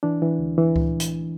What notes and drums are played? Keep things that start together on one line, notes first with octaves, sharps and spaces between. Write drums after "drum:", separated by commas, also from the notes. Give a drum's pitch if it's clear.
E3 D4
E3
D2
E3
drum: kick C#2
drum: hi-hat